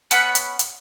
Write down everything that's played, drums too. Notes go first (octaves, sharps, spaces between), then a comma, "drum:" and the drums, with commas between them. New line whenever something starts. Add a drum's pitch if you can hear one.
B3 C#4 F#5 B5, drum: hi-hat
drum: hi-hat
drum: hi-hat